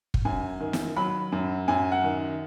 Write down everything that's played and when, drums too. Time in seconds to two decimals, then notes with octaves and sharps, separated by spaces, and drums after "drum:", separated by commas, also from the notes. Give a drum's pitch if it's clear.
0.14 drum: kick
0.25 F#2 G#5
0.61 D#3
0.73 drum: snare
0.97 F#3 B5
1.32 F#2
1.68 F#2 G#5
1.92 F#5
2.04 D#3